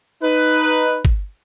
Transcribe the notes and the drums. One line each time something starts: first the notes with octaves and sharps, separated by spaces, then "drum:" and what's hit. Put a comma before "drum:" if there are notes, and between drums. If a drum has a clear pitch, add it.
D#4 B4
drum: kick